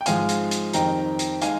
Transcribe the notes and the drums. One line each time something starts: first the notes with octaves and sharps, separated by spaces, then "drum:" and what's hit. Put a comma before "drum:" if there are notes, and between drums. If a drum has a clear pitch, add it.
G5
G#2 F3 G#3 C4 F5 G#5, drum: hi-hat
drum: hi-hat
drum: hi-hat
F2 D#3 G3 C4 D#4 G5 A#5, drum: hi-hat
drum: hi-hat
G#3 D#4 F5 G#5, drum: hi-hat